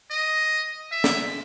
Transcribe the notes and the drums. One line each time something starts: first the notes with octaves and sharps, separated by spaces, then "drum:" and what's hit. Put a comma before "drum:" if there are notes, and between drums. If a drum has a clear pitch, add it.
D#5
E5
drum: snare